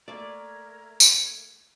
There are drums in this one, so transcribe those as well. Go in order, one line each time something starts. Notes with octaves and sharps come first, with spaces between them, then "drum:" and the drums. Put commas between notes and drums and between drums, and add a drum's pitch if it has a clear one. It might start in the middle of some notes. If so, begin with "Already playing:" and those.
A3 A#3 A#4 D5 E5 A#5 G#6
drum: tambourine